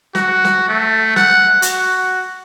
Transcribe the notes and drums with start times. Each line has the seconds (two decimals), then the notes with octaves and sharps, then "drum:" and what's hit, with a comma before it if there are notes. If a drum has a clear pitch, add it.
0.15 F#4, drum: snare
0.45 drum: snare
0.69 A3
1.16 F#5, drum: snare
1.62 F#4, drum: hi-hat